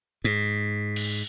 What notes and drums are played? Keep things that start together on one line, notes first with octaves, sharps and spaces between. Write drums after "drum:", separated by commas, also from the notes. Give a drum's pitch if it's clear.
G#2
drum: cymbal